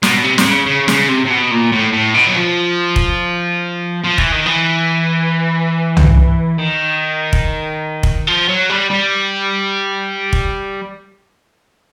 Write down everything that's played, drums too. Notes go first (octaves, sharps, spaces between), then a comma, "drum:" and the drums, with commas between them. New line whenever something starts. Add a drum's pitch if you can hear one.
B2, drum: snare
C3
C3, drum: snare
C#3
C#3
C#3, drum: snare
C3
C3
B2
A#2
A2
A2
B2
F#3
F3
drum: kick
F3
E3, drum: kick
D#3
E3
drum: tom
D#3
drum: kick
drum: kick
F3
F#3
G3
G3
drum: kick